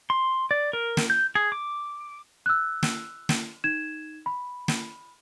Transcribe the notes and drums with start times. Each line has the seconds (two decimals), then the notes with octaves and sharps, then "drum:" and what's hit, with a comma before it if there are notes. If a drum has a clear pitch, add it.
0.10 C6
0.51 D5
0.73 A#4
0.97 drum: snare
1.10 G6
1.35 G#4
1.52 D6
2.46 E6 F#6
2.83 drum: snare
3.29 drum: snare
3.64 D#4 G#6 E7
4.26 B5
4.68 drum: snare